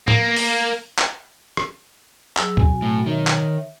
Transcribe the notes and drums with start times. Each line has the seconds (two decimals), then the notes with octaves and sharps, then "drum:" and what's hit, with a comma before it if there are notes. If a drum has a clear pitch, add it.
0.08 A#3, drum: tom
0.36 drum: open hi-hat
0.98 drum: clap
1.57 drum: rim click
2.37 F#3 G#4 E6, drum: clap
2.57 B2 F#3 C4 F#4 G#5, drum: kick
2.82 A2
3.06 D#3 C#5 E5
3.27 drum: clap